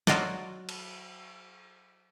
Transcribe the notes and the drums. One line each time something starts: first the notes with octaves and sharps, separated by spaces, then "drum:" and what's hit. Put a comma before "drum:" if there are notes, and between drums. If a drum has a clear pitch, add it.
F#3 F4 F#4 D5 D#5, drum: snare
drum: cymbal